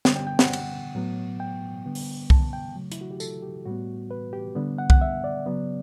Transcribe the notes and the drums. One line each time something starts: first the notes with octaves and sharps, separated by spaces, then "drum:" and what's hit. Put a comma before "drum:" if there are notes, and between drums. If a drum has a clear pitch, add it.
D3 G3 B3 G5, drum: snare
G5
G5
F#5, drum: snare
drum: cymbal
A2 F#3 B3
G5
D3 G3 B3
drum: open hi-hat
A5, drum: kick C2
G5
C#3 F#3 A3
E4, drum: hi-hat
F#4
G4
A4, drum: tambourine
G4
A2 G3 B3 F#4
B4
G4
D3 G3 B3
F#5
F#5, drum: kick C2
E5
D5
C#3 F#3 B3